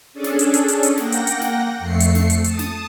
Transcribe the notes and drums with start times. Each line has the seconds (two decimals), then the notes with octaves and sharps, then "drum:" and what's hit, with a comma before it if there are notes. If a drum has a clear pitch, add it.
0.13 C#4 D4 G#4 A4
0.24 drum: snare
0.39 drum: hi-hat
0.54 drum: hi-hat
0.68 drum: hi-hat
0.83 drum: hi-hat
0.98 A#3 F#5 G5 A#6, drum: snare
1.12 drum: hi-hat
1.27 drum: hi-hat
1.42 drum: snare
1.79 F2 A3 C7 C#7
2.00 drum: hi-hat
2.15 drum: snare
2.30 drum: hi-hat
2.44 A5 D#6, drum: hi-hat
2.59 drum: snare